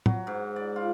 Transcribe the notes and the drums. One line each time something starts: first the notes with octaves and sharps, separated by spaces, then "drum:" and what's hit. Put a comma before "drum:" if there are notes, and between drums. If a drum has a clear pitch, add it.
F#3, drum: tom
G#2
D5
F4